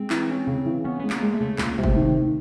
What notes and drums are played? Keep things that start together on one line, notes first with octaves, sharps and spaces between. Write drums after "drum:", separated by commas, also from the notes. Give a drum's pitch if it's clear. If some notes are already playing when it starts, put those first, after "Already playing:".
Already playing: G#3 C4
E3, drum: clap
C#4
C#3
E3
B3 C#4
G#3 B3
A#3, drum: clap
G#3
A3
C#3
C#2 A#3, drum: clap
C3 G#3
A3, drum: kick G1
D#3
D#3